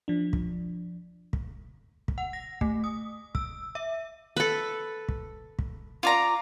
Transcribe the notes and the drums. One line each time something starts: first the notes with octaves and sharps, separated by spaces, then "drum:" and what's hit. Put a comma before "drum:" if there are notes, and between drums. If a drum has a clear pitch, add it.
F3 D4
drum: kick
drum: kick
drum: kick
F#5
A#6
A3, drum: kick
D#6
E6, drum: kick
E5
A4 B4
drum: kick
drum: kick
F4 D5 A#5